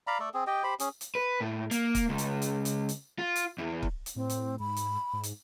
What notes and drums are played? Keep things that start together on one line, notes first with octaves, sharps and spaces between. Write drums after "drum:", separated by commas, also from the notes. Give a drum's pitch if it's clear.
D5 F5 A#5 B5
A3 A4 D5
C4 G#4
G4 D#5 G5
G4 C5 B5
C#4 G#4, drum: hi-hat
drum: hi-hat
B4
A2
A#3, drum: hi-hat
drum: kick, hi-hat
C#2
drum: hi-hat
drum: hi-hat
drum: hi-hat
drum: hi-hat
F4
drum: hi-hat
E2
drum: kick
drum: hi-hat
A2 C4
drum: hi-hat
G#2 B5
drum: hi-hat
G#2
drum: hi-hat